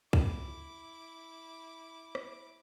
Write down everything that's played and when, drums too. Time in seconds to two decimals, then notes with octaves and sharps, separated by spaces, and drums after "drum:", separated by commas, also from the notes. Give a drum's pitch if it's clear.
0.13 E4 D6, drum: kick
2.15 drum: rim click